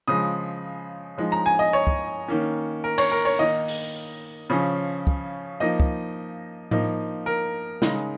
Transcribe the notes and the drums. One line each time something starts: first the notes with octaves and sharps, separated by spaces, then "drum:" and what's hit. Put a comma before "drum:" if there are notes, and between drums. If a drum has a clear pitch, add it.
C#3 F3 G#3 D#6
F3 G#3 D#4
A#5
G#5
D#5
C#5
drum: kick
D#3 A#3 C#4
A#4
C#5, drum: cymbal
A#4
C#5
D#3 A#3 D#4 D#5
drum: open hi-hat
C#3 F3 C#4
drum: kick
F3 A#3 D#4 D#5
drum: kick
F3 A#3 D#4, drum: tom A2
A#4
C#3 G#3 D#4, drum: snare